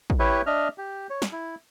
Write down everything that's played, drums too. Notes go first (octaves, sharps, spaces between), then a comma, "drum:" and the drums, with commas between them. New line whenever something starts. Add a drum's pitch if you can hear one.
drum: kick
E4 G4 B4 C#5 E5
D4 D#5 E5 F6
G4
C#5
drum: snare
E4